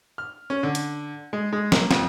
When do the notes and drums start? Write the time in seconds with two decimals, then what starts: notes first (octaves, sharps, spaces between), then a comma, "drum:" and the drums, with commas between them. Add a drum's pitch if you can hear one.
0.18 F6
0.50 C#4
0.63 D3
0.75 drum: hi-hat
1.33 G#3
1.53 G#3
1.72 A#3, drum: snare
1.91 F2, drum: snare